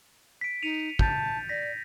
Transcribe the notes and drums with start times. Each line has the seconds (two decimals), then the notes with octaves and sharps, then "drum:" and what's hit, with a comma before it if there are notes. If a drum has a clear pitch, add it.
0.41 B6 D7
0.63 D#4 C#7 D#7 F7
0.99 A5 G6 A6, drum: kick
1.49 D5 A#6 B6